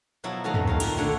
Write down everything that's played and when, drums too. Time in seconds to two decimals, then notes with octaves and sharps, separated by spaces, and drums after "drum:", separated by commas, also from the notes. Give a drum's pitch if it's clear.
0.24 B2 F3 F#3 E4
0.44 D#3 F#3 A3 D#5 F5 A#5
0.54 drum: tom
0.67 F2 D#4 F5
0.80 A#2 D#3, drum: cymbal
0.97 D3 A3 C#5